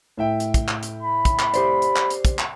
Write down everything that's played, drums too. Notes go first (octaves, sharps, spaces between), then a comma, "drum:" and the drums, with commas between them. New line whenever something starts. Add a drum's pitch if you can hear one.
A2 E5 G5
drum: hi-hat
drum: kick, hi-hat
drum: clap
drum: hi-hat
B5
drum: kick, hi-hat
drum: clap
G4 C5 D5, drum: hi-hat
drum: hi-hat
drum: clap
drum: hi-hat
drum: kick, hi-hat
drum: clap